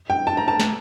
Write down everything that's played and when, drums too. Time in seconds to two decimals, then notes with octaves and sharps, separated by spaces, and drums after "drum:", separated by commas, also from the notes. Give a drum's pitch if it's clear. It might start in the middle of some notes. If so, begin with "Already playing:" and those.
0.10 G5
0.27 A5
0.37 A#5
0.48 A5
0.60 drum: snare